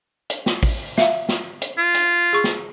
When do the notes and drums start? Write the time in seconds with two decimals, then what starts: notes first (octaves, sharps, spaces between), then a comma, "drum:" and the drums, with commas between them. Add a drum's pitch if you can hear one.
0.30 drum: hi-hat
0.46 drum: snare
0.63 drum: kick, open hi-hat
0.98 E5 F5, drum: snare
1.29 drum: snare
1.62 drum: hi-hat
1.78 F4
1.95 drum: hi-hat
2.33 G#4 C#6
2.44 drum: snare